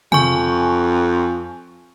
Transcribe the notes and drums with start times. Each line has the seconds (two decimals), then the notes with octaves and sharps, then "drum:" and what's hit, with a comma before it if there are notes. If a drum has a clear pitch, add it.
0.12 F2 G#5 C#6, drum: tom C3